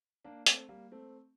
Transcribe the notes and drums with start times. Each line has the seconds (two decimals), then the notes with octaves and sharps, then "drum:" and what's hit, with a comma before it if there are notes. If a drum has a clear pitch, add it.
0.24 A#3 D4
0.46 A3 C4, drum: hi-hat
0.69 G3 A#3
0.92 A3 C4